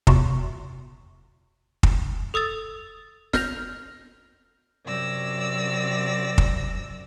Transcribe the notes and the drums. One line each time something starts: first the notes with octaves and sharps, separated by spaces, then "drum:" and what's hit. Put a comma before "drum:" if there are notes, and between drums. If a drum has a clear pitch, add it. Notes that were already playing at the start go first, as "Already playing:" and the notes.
E2 C3 F4 F#4, drum: kick
drum: kick
A4 D#6 E6 A6
F6 G6 A#6 F7, drum: snare
F#2 C3 D5 E6 A#6
drum: kick